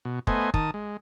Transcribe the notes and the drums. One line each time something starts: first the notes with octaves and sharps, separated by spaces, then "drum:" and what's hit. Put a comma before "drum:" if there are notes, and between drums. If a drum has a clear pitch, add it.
B2
A3 B3 C5 D#5 G#5, drum: kick
D#3 A5 D#6, drum: kick
G#3